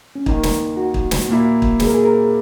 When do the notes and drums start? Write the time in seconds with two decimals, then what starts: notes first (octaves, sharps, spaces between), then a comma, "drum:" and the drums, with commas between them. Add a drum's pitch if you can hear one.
0.15 C#4
0.26 D#2 D#3 A#3 D#4, drum: kick
0.43 drum: snare
0.77 F#4
0.94 drum: kick
1.11 drum: snare
1.29 A#2 A#3 E4
1.62 drum: kick
1.80 G#4, drum: snare
1.87 A#4
1.94 G#4
2.05 A#4